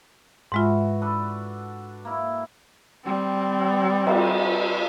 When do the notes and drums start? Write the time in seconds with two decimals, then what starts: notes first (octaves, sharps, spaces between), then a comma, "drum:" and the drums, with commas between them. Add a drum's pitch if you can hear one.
0.52 G#2 E3 G#3 F4 F#4
1.02 D4 A4 B4
2.05 A#3 E4
3.05 G3 C4
4.07 drum: cymbal